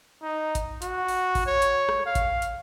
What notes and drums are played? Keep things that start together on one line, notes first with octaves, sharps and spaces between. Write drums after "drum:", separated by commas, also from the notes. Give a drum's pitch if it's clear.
D#4
drum: kick G#1, hi-hat
F#4, drum: hi-hat
drum: open hi-hat
drum: kick G#1, open hi-hat
C#5
drum: hi-hat
drum: rim click
F5
drum: kick G#1, hi-hat
drum: hi-hat